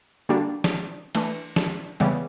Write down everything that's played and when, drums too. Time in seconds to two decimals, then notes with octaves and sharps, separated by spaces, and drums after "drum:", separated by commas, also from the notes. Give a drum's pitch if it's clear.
0.29 D3 G3 A#3 D4 F#4
0.64 drum: snare
1.15 E3 A3 D4, drum: cymbal
1.56 drum: snare
2.00 C#3 E3 G3 B3, drum: hi-hat